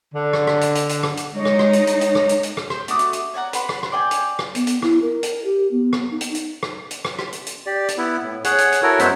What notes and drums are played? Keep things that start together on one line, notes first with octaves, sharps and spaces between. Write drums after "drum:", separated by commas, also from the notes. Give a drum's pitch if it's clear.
D3
drum: rim click
drum: rim click
drum: hi-hat
drum: hi-hat
drum: hi-hat
drum: rim click
drum: hi-hat
G#3 D#4 C#5
drum: rim click
drum: rim click
drum: hi-hat
drum: hi-hat
drum: hi-hat
drum: rim click
drum: hi-hat
drum: hi-hat
drum: rim click
C5, drum: rim click
A3 F#4 D6 D#6, drum: hi-hat
drum: hi-hat
drum: hi-hat
C#5 D5 F#5 A#5
B4 F#5 B5 C6, drum: hi-hat
drum: rim click
drum: rim click
D5 G5 G#5
drum: hi-hat
drum: rim click
B3, drum: hi-hat
drum: hi-hat
E4, drum: rim click
A#4
drum: hi-hat
G4
B3
drum: rim click
D#4
drum: hi-hat
drum: hi-hat
drum: rim click
drum: hi-hat
drum: rim click
drum: rim click
drum: hi-hat
drum: hi-hat
G4 D5
drum: hi-hat
B3 E4
A2
G#4 C#5 F#5, drum: hi-hat
drum: hi-hat
drum: hi-hat
E4 F#4 A4 A#4 C#5
F#2 F#3 G#3 B3 C5 E5, drum: hi-hat